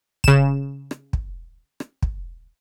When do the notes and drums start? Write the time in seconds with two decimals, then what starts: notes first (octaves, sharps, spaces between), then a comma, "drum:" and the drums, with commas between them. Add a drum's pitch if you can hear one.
0.24 C#3 E7, drum: kick
0.91 drum: rim click
1.13 drum: kick
1.80 drum: rim click
2.02 drum: kick